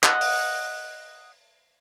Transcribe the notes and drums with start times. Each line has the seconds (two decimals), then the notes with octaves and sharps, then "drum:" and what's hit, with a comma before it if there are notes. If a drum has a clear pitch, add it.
0.04 D#5 F#5, drum: clap
0.21 drum: open hi-hat